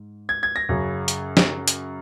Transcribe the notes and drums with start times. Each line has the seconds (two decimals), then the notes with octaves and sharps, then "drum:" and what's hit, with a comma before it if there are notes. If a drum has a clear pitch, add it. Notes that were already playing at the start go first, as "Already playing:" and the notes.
Already playing: G#2
0.29 G#6
0.43 G#6
0.56 A#6
0.69 F#2 C#3
1.08 drum: hi-hat
1.37 drum: snare
1.68 drum: hi-hat